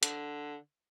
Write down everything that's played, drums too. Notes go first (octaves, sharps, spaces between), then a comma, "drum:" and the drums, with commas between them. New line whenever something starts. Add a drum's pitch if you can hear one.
D3, drum: hi-hat